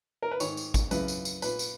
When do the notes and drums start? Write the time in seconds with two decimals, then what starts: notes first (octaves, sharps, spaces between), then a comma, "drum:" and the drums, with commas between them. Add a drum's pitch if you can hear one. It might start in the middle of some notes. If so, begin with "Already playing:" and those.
0.22 A#4
0.31 B4
0.40 G#2 D#3 C#5, drum: tambourine
0.57 drum: tambourine
0.74 drum: kick G#1, tambourine
0.91 F#2 C#3 E3 B4, drum: tambourine
1.08 drum: tambourine
1.25 drum: tambourine
1.42 A#2 B4, drum: tambourine
1.59 drum: tambourine